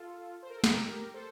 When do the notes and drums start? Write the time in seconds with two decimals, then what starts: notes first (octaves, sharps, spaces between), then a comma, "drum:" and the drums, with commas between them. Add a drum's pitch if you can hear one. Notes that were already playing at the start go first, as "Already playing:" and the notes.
Already playing: F4 A4
0.43 C5
0.49 A#4
0.57 A4
0.64 G4 A#4, drum: snare
1.14 A4 C5